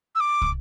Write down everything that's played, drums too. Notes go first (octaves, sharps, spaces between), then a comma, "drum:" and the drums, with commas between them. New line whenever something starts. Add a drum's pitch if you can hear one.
E6
D6
drum: kick